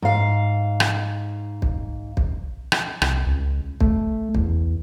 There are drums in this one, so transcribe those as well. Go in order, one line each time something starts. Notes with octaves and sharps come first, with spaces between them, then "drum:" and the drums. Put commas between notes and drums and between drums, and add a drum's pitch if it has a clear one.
G#2 F5
drum: rim click
drum: kick
drum: kick
drum: rim click
C2, drum: rim click
C#2
A3, drum: kick
E2, drum: kick